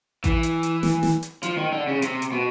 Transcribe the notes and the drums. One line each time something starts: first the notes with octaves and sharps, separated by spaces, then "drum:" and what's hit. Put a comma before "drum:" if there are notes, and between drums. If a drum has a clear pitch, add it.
E3, drum: kick A1, hi-hat
drum: hi-hat
drum: hi-hat
drum: snare
drum: snare
drum: hi-hat
F3, drum: hi-hat
D#3
D3
C#3
C3, drum: hi-hat
drum: hi-hat
B2